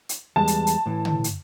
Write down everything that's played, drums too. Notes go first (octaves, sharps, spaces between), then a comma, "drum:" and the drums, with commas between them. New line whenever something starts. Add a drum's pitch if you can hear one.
drum: hi-hat
E2 G3 G#3 A5
drum: hi-hat
drum: hi-hat
A2 E3
drum: tom
drum: hi-hat